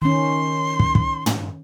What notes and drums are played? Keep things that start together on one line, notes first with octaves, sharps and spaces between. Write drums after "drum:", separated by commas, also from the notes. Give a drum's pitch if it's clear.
D#3 C#4 C6
drum: kick
drum: kick
drum: tom